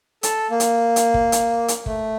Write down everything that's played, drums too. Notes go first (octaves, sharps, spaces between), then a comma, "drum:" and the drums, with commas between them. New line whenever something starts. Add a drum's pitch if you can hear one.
A4, drum: hi-hat
A#3
drum: hi-hat
drum: hi-hat
drum: kick
drum: hi-hat
drum: hi-hat
A3, drum: kick